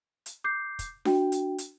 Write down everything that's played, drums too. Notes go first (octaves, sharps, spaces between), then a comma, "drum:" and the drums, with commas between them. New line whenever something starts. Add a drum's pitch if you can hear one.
drum: hi-hat
D6 G6 C7
drum: kick, hi-hat
D4 F#4 G5, drum: snare D4
drum: hi-hat
drum: hi-hat